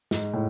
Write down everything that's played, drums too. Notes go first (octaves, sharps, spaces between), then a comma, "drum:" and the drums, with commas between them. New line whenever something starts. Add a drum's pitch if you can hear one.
G#2, drum: snare
A2